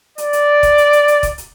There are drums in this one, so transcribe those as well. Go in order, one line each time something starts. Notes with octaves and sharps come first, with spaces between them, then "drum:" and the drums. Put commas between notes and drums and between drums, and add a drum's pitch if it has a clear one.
D5, drum: hi-hat
drum: hi-hat
drum: kick E1, hi-hat
drum: hi-hat
drum: hi-hat
drum: hi-hat
drum: kick E1, hi-hat
drum: hi-hat